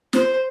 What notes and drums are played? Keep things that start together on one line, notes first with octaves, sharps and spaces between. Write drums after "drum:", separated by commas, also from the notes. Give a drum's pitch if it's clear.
C5, drum: snare